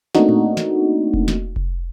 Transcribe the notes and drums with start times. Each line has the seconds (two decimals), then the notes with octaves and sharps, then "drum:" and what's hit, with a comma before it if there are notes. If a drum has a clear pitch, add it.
0.15 A3 A#3 C4 D4 D#4 F#4, drum: snare
0.29 drum: tom A2
0.57 drum: snare
1.14 drum: kick F1
1.28 drum: snare
1.56 drum: kick F1